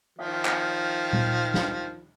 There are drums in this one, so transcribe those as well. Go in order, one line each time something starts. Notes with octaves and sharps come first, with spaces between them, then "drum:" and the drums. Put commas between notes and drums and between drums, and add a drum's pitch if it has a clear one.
D#3 F3, drum: cymbal
drum: clap
drum: tom A#2
drum: snare